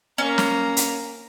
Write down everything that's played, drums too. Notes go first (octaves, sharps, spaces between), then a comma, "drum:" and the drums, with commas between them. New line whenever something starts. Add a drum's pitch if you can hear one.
A#3 C#4 A#5
drum: snare
drum: hi-hat